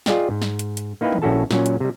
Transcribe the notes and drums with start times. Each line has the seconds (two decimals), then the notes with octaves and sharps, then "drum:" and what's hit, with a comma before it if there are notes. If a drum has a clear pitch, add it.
0.06 F4 G#4 D5 D#5 G5, drum: snare
0.30 G#2
0.42 drum: snare
0.59 drum: hi-hat
0.77 drum: hi-hat
1.01 A#3 D#4 E4 B4 F5 G5
1.13 drum: tom
1.22 A#1 C#4 E4 F#4 A4 A5
1.51 A#2 F#3 C#4, drum: snare
1.66 drum: hi-hat
1.80 C3 G3